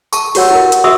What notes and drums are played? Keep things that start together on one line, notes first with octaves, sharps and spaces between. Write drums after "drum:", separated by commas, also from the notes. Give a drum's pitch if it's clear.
A5 C#6, drum: tambourine
F#4 G4 C#5 F#5 E6, drum: open hi-hat
E4 A#4
drum: hi-hat
F#4 E5 C#6 D#6 E6